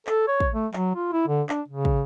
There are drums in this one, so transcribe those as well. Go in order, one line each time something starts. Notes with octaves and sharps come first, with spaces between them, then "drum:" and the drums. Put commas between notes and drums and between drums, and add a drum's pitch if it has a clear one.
A4, drum: clap
C#5
drum: kick
A3
F#3, drum: clap
F4
E4
D3
D4, drum: clap
C#3
drum: kick